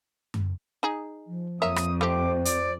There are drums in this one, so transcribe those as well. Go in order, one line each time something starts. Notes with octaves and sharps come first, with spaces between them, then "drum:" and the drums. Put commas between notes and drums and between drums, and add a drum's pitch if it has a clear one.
drum: tom F#2
D#4 G#4
F3
F2 A#3 C#5 E5 D#6
drum: rim click
A3 C4 G4 C5 D6
D5, drum: hi-hat